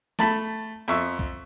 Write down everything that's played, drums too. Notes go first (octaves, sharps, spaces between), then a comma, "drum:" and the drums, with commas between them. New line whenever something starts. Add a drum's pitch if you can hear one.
A3 A5 B5, drum: snare
F2 E5 C#6 E6
drum: kick B1